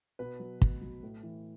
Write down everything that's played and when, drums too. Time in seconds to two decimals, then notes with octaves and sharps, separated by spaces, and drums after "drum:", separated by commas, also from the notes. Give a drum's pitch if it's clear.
0.19 B2 B4
0.40 F#3
0.62 B2, drum: kick
0.81 F#3
1.03 A2
1.23 E3